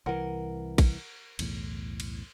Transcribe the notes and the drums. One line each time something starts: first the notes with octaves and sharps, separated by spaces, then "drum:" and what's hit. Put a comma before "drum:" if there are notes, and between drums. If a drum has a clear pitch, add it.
C2 E3 A#4 F#5
drum: kick A#1, cymbal
B1 E2 A2, drum: cymbal
drum: cymbal